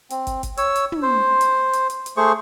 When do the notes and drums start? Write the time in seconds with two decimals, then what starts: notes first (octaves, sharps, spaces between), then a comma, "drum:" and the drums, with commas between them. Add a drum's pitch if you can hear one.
0.11 C4, drum: hi-hat
0.27 drum: kick, hi-hat
0.43 drum: kick, hi-hat
0.58 C#5 E6, drum: hi-hat
0.76 drum: hi-hat
0.92 drum: tom
1.02 C5
1.41 drum: hi-hat
1.74 drum: hi-hat
1.90 drum: hi-hat
2.06 drum: hi-hat
2.17 A3 G#4 C5 C#6